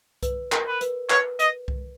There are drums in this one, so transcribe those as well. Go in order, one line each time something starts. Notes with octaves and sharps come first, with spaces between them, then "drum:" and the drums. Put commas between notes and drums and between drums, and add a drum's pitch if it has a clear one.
B4, drum: kick C2, hi-hat
A#4, drum: clap
B4
B4, drum: hi-hat
B4 C#5, drum: clap
D#5, drum: hi-hat
drum: kick C2